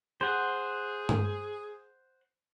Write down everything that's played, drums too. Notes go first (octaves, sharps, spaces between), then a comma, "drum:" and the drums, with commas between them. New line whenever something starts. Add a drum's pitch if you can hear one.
G#4 C5 F#5
drum: tom G2